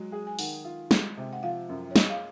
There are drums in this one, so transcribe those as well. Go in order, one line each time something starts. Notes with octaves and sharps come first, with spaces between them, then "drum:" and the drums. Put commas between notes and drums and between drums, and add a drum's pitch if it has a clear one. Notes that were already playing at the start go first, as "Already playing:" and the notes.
Already playing: F#3 G#3
G#4
G#5
D#3 F#5, drum: open hi-hat
F4
G#3, drum: snare
C3
F#5
F3 F5
F#2
C#5
G#4 D#5, drum: snare
F5